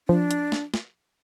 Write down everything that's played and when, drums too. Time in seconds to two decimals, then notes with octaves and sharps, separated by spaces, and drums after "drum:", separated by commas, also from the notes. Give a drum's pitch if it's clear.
0.08 F3 D4
0.31 drum: hi-hat
0.52 drum: snare
0.74 drum: snare